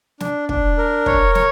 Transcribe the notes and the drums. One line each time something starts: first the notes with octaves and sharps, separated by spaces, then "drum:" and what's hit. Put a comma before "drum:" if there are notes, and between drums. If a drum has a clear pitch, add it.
D4, drum: snare
D4, drum: kick
A#4
C#5, drum: kick
C#5, drum: snare